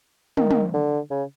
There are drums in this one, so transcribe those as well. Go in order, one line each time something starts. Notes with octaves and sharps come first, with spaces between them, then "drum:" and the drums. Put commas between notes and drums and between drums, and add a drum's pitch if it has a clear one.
D#3, drum: tom
drum: tom
D3
C#3